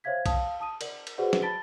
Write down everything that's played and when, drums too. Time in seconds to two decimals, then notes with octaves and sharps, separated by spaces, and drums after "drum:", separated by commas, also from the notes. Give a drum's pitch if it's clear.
0.04 C5 C#5 E5 F5 G#6 B6
0.26 F5 A5 D#6, drum: kick B1, cymbal
0.60 A5 D#6 D#7
0.81 A#4 D5 F#7, drum: cymbal
1.07 drum: cymbal
1.18 F#4 G#4 B4 C5 D5 F#5
1.33 drum: snare
1.42 A5 B5 A6 B6 D7 G7